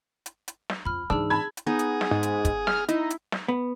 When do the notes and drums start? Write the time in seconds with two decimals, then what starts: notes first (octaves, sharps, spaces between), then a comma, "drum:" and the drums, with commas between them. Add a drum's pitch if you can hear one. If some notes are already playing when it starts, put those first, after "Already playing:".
0.26 drum: hi-hat
0.48 drum: hi-hat
0.70 drum: snare
0.85 F2 B5 F6
1.10 G#2 E3 D4 G#4 E6
1.30 A5 B5 G#6
1.57 drum: hi-hat
1.67 B3 D#4 G#4
1.79 drum: hi-hat
2.01 drum: snare
2.11 G#2
2.23 drum: hi-hat
2.45 drum: kick, hi-hat
2.67 F6, drum: snare
2.88 D#4 E4, drum: hi-hat
3.10 drum: hi-hat
3.32 drum: snare
3.48 B3